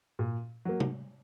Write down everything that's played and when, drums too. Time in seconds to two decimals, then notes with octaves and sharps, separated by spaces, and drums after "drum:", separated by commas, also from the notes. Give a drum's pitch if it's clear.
0.19 A#2
0.65 F#3 A#3
0.80 drum: tom C3